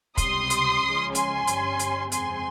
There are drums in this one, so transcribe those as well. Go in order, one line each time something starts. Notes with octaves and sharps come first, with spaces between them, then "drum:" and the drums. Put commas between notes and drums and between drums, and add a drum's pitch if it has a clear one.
C#2 C3 G3 C6 D#6, drum: kick, hi-hat
drum: hi-hat
C#2 C#3 F3 G#3 C#4
G#5 C6, drum: hi-hat
G1 G2 G3 C#4, drum: hi-hat
drum: hi-hat
F2 C#3 G#3 C4 G#5 C6, drum: hi-hat